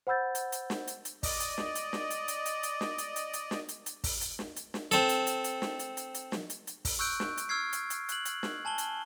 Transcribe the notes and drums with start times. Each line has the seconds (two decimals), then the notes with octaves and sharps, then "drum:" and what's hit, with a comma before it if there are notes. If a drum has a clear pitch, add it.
0.07 C5 F#5 B5 E6 G6 A6
0.35 drum: hi-hat
0.52 drum: hi-hat
0.70 drum: snare
0.87 drum: hi-hat
1.05 drum: hi-hat
1.23 D5 D#5, drum: kick, open hi-hat
1.40 drum: hi-hat
1.58 drum: snare
1.75 drum: hi-hat
1.93 drum: snare
2.10 drum: hi-hat
2.28 drum: hi-hat
2.46 drum: hi-hat
2.63 drum: hi-hat
2.81 drum: snare
2.98 drum: hi-hat
3.16 drum: hi-hat
3.33 drum: hi-hat
3.51 drum: snare
3.69 drum: hi-hat
3.86 drum: hi-hat
4.04 drum: kick, open hi-hat
4.21 drum: hi-hat
4.39 drum: snare
4.56 drum: hi-hat
4.74 drum: snare
4.91 C4 A4, drum: hi-hat
5.09 drum: hi-hat
5.27 drum: hi-hat
5.44 drum: hi-hat
5.62 drum: snare
5.79 drum: hi-hat
5.97 drum: hi-hat
6.14 drum: hi-hat
6.32 drum: snare
6.50 drum: hi-hat
6.67 drum: hi-hat
6.85 drum: kick, open hi-hat
6.99 C#6 E6 F#6 G6 D7
7.20 drum: snare
7.37 drum: hi-hat
7.49 C#6 E6 F6 G#6 C7
7.73 drum: hi-hat
7.90 drum: hi-hat
8.09 F#6 F#7, drum: hi-hat
8.25 drum: hi-hat
8.43 drum: snare
8.65 G#5 A5 F#7 G7
8.78 drum: hi-hat